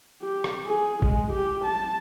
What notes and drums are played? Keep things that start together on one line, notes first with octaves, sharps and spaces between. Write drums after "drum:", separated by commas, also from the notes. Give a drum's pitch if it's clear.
G4
drum: rim click
G#4
G#3, drum: kick
G4
A5